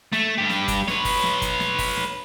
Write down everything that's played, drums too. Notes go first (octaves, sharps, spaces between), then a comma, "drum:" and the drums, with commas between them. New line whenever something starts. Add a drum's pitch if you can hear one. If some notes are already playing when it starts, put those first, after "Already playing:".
A3, drum: snare
G2 G4
drum: snare
drum: kick, hi-hat
B4 C#5, drum: snare
drum: kick, open hi-hat
drum: snare
drum: kick, hi-hat
drum: snare
drum: kick, open hi-hat
drum: snare